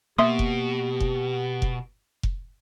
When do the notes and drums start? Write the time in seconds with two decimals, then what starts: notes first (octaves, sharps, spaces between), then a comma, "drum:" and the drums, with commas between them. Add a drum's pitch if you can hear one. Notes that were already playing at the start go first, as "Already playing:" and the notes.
0.19 B2 A#3 G4 E5 C6 D#6
0.39 drum: kick F1
1.00 drum: kick F1
1.62 drum: kick F1
2.23 drum: kick F1